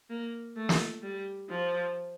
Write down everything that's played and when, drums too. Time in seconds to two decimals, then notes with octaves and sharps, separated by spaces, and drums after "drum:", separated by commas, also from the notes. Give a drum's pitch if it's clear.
0.10 A#3
0.57 A3
0.69 drum: snare
1.03 G3
1.50 F3